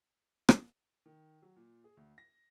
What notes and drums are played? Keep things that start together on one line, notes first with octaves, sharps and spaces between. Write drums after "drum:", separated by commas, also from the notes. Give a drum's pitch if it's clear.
drum: rim click
D#3
F#3
A#2
G#4
D2
A#6